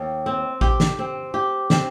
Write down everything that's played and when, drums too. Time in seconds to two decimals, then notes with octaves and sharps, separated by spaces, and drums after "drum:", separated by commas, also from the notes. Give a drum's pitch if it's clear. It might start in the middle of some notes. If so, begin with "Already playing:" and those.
Already playing: D#2
0.26 C4
0.61 G4, drum: kick A1
0.80 drum: snare
0.99 C4
1.34 G4
1.70 C4, drum: snare